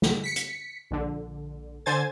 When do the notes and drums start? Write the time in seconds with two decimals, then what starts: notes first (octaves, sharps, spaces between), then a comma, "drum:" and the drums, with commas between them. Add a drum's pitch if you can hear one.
0.02 drum: snare
0.24 B6 C#7
0.36 drum: hi-hat
0.91 A#1 D3
1.86 D3 C5 G#5 G#6 A6